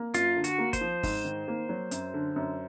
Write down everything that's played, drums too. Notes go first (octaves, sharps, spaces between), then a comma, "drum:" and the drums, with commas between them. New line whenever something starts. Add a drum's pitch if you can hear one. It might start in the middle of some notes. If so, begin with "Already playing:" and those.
Already playing: A#3
F#2 F4, drum: hi-hat
D3
F#4, drum: hi-hat
A#3
C5, drum: kick, hi-hat
F3
G#2, drum: kick, open hi-hat
D#3
A#3
F#3
F#2, drum: hi-hat
D3
F#2